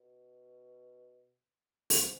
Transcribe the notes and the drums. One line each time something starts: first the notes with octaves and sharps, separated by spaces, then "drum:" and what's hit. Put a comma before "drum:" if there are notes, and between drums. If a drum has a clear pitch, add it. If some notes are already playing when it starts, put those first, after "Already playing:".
Already playing: B2
G#2, drum: open hi-hat